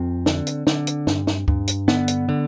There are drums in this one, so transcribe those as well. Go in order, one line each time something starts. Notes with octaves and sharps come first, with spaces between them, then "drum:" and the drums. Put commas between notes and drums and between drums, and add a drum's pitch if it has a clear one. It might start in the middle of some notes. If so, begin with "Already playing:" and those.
Already playing: F2 C4
D3, drum: snare
drum: hi-hat
D3, drum: snare
drum: hi-hat
G2, drum: snare
drum: snare
G2, drum: kick D2
drum: hi-hat
D3 B3, drum: snare
drum: hi-hat
D3